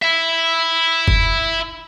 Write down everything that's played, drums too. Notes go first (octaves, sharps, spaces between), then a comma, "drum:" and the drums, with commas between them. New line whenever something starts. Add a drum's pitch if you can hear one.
E4 E5
drum: kick F#1